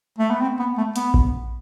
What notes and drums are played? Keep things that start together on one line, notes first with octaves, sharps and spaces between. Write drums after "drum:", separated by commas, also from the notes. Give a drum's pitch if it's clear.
A3
B3
C4
B3
A3
B3, drum: hi-hat
drum: kick A1